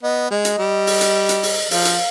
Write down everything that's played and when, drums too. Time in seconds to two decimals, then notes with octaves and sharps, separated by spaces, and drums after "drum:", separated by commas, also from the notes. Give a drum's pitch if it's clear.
0.03 B3 D#5
0.31 G#3 D#5
0.45 drum: hi-hat
0.59 G3
0.87 drum: open hi-hat
1.01 drum: hi-hat
1.29 drum: hi-hat
1.43 drum: open hi-hat
1.71 F3 F5, drum: open hi-hat
1.85 drum: hi-hat